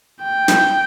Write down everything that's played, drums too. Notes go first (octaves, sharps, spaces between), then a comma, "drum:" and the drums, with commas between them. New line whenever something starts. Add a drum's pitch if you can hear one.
G5
drum: snare